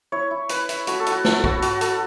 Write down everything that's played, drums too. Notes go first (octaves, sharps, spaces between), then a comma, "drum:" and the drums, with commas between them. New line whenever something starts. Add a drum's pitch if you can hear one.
E4 C#5
E4
E4 B4, drum: hi-hat
E4, drum: hi-hat
A3 F#4, drum: hi-hat
A4
E4, drum: hi-hat
F#4
F#3 A4, drum: snare
E4 F#4, drum: kick
F#3 F#4, drum: hi-hat
F#3 A4, drum: hi-hat